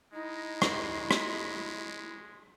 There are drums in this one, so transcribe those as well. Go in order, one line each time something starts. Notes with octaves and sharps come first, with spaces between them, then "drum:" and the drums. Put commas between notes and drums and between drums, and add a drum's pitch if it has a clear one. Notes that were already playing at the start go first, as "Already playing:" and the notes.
G#3 D#4 E4 D#5
drum: rim click
drum: rim click